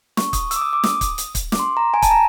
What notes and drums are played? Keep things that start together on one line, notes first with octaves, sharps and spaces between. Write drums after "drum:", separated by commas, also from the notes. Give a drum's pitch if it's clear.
C#6, drum: snare
D#6, drum: kick, hi-hat
E6, drum: hi-hat
D6
D#6
D6
D#6, drum: snare
drum: kick, hi-hat
drum: hi-hat
drum: kick, hi-hat
D6, drum: snare
C6
A#5
G#5
A5, drum: kick, hi-hat
A#5